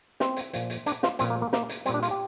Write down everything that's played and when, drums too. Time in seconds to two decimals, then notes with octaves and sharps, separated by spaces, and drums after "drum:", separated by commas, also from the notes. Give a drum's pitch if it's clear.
0.20 C4, drum: snare
0.37 drum: hi-hat
0.53 A#2 F3, drum: hi-hat
0.70 drum: hi-hat
0.86 D4, drum: hi-hat
1.03 F4, drum: snare
1.19 A#2 F3 C4, drum: hi-hat
1.30 A#3
1.42 A#3
1.53 A#3, drum: snare
1.69 drum: hi-hat
1.86 A#2 G3 C4, drum: hi-hat
1.94 D4
2.03 F4, drum: hi-hat
2.11 G4